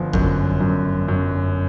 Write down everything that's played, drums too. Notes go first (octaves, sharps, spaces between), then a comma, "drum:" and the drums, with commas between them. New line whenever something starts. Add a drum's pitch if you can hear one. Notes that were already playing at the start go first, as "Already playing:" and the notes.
Already playing: G1 F3
F#2, drum: kick G1
F#2
F#2